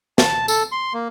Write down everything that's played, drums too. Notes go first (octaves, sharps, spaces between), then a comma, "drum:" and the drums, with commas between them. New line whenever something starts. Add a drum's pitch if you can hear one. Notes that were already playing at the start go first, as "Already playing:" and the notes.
A5, drum: snare
A4, drum: tambourine
C6
A#3